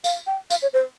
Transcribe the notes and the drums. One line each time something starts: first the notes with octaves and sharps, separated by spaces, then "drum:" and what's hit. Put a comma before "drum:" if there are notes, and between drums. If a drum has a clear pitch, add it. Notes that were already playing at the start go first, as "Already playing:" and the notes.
F5, drum: tambourine
G5
F5, drum: tambourine
C#5
C5